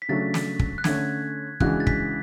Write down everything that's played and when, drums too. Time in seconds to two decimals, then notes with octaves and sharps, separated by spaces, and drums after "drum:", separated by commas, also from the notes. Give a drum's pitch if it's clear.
0.02 B6
0.09 C#3 F#3 A3 D4 A6
0.34 drum: snare
0.59 drum: kick
0.78 F#6
0.84 D3 A3 C#4 G#6, drum: snare
1.60 C#3 E3 G#3 D4 F#4 F#6, drum: kick
1.80 A6
1.87 B6, drum: kick